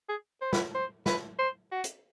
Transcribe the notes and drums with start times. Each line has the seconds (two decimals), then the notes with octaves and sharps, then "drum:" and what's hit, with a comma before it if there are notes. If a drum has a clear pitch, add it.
0.09 G#4
0.41 C5
0.53 B4, drum: snare
0.75 C5
1.06 B4, drum: snare
1.39 C5
1.72 F#4
1.84 drum: hi-hat